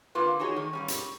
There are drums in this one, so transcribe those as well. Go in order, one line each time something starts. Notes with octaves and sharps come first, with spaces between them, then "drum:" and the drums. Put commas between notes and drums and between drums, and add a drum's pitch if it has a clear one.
D3 A#3 C4 F4 B4
D#4 F#4 G#4 C#5 D#5
D#3 A3
A#2 G3 C#4
drum: hi-hat